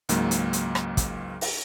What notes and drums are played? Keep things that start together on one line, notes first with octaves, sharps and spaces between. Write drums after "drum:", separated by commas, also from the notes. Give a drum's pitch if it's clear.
C#2 G#2 F#3 A#3, drum: hi-hat
drum: hi-hat
drum: hi-hat
drum: rim click
drum: kick, hi-hat
drum: open hi-hat